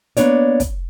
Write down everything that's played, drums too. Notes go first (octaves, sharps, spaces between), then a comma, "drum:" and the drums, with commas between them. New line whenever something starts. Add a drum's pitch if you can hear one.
A#3 B3 C#4 D4 C#5 D5, drum: hi-hat
drum: kick, hi-hat